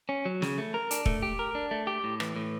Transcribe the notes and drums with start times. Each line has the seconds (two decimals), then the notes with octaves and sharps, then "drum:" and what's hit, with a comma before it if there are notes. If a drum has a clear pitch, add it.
0.09 C#4
0.25 F#3
0.42 C#3, drum: snare
0.58 A3
0.74 A#4
0.91 D4, drum: hi-hat
1.06 A3, drum: kick
1.22 G4
1.39 A#4
1.55 D4
1.71 A3
1.87 G4
2.04 A2
2.20 E3, drum: rim click
2.36 A2